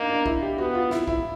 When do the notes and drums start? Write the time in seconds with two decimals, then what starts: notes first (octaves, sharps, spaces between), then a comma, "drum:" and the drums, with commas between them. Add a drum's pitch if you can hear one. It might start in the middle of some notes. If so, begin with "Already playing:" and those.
Already playing: A#3 D4 D#4
0.10 D4
0.26 E4, drum: kick
0.42 G4
0.58 B3 F#4
0.75 F4
0.91 E4, drum: snare
1.08 E4, drum: kick